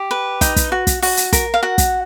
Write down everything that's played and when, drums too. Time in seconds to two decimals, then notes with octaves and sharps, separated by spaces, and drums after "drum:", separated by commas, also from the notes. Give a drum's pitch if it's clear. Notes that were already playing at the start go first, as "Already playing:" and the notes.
Already playing: G4
0.11 B4
0.41 D#4, drum: kick, hi-hat
0.56 drum: kick, hi-hat
0.72 F#4
0.87 drum: kick, hi-hat
1.02 F#4, drum: open hi-hat
1.17 drum: hi-hat
1.33 A#4, drum: kick, hi-hat
1.54 F5
1.63 F#4 F#5
1.78 drum: kick, hi-hat